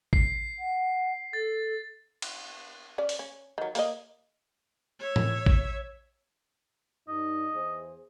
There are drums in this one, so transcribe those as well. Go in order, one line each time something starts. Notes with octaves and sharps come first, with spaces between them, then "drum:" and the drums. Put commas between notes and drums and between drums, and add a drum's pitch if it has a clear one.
C7, drum: kick A1
F#5
A4 A6
drum: cymbal
C#4 D5
drum: open hi-hat
C#4
D#3 F#3
A#3 A#4 D#5, drum: open hi-hat
C#5 E5
drum: tom A2
drum: kick A1
G2 D#4 D#5
E2 G#4 C5